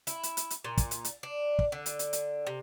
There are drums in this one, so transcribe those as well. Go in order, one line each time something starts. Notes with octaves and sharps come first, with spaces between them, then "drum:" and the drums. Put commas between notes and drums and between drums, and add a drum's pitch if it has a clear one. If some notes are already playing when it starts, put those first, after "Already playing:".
E4, drum: hi-hat
drum: hi-hat
drum: hi-hat
drum: hi-hat
A#2
drum: kick, hi-hat
drum: hi-hat
drum: hi-hat
D4
drum: kick
D3
drum: hi-hat
drum: hi-hat
drum: hi-hat
C3